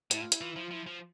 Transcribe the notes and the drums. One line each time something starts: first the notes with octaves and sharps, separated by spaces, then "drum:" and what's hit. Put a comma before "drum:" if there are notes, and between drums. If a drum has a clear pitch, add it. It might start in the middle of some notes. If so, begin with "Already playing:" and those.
A2 E4, drum: hi-hat
F4
E4, drum: hi-hat
E3 F4
F3 E4
F4
F3 E4
F3